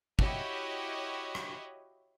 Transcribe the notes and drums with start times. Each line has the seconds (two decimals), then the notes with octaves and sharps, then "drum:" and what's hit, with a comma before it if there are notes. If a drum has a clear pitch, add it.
0.19 E4 F#4 G4 C#5 D#5, drum: kick
1.35 drum: rim click